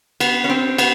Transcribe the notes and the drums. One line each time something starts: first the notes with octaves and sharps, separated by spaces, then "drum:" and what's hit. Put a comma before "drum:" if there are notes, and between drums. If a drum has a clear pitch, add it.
B3, drum: cymbal
C#4
C4
B3, drum: cymbal